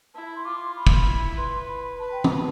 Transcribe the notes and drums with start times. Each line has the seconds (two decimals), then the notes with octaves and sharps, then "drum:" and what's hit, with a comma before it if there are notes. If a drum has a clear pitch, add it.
0.14 E4 A5
0.25 B5
0.36 C6
0.45 F4 D6
0.61 C6
0.76 B5
0.87 drum: kick
1.07 E4
1.37 B4 C6
1.68 B5
1.83 B5
1.99 B4 A5
2.12 G5
2.24 A5, drum: tom